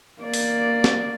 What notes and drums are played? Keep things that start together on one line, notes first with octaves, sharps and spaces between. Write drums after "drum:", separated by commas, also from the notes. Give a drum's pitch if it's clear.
A#3 D5
drum: open hi-hat
drum: snare